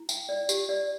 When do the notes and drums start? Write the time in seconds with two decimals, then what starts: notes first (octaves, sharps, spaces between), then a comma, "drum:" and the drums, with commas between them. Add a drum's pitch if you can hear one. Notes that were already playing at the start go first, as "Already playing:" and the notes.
Already playing: E4
0.09 G5, drum: tambourine
0.29 D5
0.49 G4, drum: tambourine
0.69 D5